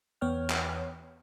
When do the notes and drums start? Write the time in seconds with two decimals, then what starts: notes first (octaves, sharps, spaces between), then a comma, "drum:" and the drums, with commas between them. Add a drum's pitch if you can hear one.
0.21 E2 B3 C#5 G5 F6
0.50 drum: clap